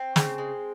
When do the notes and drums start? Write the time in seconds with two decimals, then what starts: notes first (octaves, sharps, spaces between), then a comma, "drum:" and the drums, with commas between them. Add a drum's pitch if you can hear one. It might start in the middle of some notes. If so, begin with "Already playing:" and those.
Already playing: C4
0.16 C#3, drum: snare
0.38 G#3